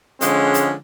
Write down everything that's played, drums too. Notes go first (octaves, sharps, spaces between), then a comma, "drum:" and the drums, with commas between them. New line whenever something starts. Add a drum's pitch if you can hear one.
D3 F3 G#3 C#4, drum: hi-hat
drum: hi-hat